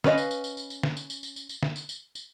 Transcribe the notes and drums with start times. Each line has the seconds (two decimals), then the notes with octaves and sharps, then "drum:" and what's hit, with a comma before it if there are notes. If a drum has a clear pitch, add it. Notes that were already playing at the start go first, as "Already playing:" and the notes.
0.04 C#4 B4 C#5 D#5 F5, drum: snare
0.18 drum: tambourine
0.31 drum: tambourine
0.44 drum: tambourine
0.57 drum: tambourine
0.70 drum: tambourine
0.83 drum: snare
0.97 drum: tambourine
1.10 drum: tambourine
1.23 drum: tambourine
1.36 drum: tambourine
1.49 drum: tambourine
1.63 drum: snare
1.76 drum: tambourine
1.89 drum: tambourine
2.15 drum: tambourine